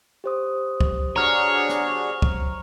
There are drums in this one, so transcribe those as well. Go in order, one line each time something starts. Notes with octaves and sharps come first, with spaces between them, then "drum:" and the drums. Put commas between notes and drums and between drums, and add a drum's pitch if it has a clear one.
G4 C5 D#6
drum: kick
D4 F#4 G#4 C#5 A#5 F6
drum: snare
drum: kick